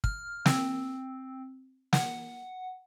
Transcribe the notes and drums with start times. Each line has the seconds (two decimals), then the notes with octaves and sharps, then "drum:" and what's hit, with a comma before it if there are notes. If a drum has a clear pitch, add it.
0.04 F6, drum: kick
0.46 C4, drum: snare
1.93 F#5, drum: snare